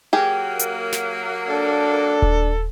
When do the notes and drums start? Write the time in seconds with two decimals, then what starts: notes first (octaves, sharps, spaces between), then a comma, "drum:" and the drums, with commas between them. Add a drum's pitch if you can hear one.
0.13 F#3 A#3 G4 G#4
0.59 drum: hi-hat
0.92 drum: snare
1.50 D4 A4
2.22 drum: kick D#1